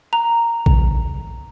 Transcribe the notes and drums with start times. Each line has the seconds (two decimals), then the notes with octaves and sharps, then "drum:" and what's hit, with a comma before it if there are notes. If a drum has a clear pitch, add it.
0.13 A#5
0.66 drum: kick A#1